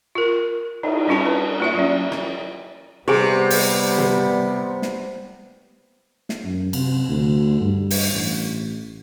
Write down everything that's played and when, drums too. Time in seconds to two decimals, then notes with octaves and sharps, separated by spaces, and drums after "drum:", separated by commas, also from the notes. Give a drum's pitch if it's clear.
0.15 F4 A#4
0.83 D#4, drum: cymbal
1.07 G3 C#4 D4 F4 G#5 A5
1.26 B4
1.60 A#3 F4 E5
1.75 F#3 C#4
2.12 drum: rim click
3.08 C3 G3 B3 G4 G#4 G#5
3.50 drum: open hi-hat
3.98 drum: tom
4.82 drum: snare
6.29 drum: snare
6.45 F#2
6.73 C3, drum: cymbal
7.09 D2
7.60 G2
7.91 drum: open hi-hat
8.12 A1